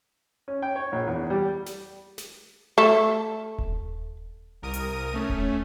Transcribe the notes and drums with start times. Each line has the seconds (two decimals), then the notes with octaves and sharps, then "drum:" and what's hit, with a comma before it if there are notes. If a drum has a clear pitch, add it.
0.48 C#4
0.62 G5
0.76 C#5
0.92 A#1
1.07 E2
1.30 G3
1.66 drum: snare
2.18 drum: snare
2.78 A3
3.58 drum: kick D#1
4.62 C2 A#4 D#6 D#7
4.74 drum: hi-hat
5.14 A3 C#4
5.30 drum: kick D#1